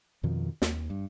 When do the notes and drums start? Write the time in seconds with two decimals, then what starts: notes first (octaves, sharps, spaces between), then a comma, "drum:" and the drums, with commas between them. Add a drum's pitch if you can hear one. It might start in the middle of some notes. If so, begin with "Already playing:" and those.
0.23 F2 B2 D#3 F3
0.62 D#2, drum: snare
0.90 G2